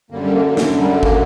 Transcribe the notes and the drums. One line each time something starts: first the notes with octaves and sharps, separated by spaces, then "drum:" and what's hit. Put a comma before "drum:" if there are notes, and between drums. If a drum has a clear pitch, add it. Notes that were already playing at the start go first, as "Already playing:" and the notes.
F#2 D3 G3 A#3
G3
A#3
A#3, drum: snare
G3
A#3, drum: kick